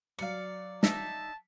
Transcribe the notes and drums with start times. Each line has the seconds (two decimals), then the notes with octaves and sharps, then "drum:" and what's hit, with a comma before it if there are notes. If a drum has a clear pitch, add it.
0.19 F#3 D5 F5 C#7
0.83 D#4 E5 A5, drum: snare